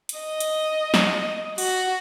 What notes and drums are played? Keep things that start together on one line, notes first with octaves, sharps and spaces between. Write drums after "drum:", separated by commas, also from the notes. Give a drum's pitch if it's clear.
drum: hi-hat
D#5
drum: hi-hat
drum: snare
F#4, drum: open hi-hat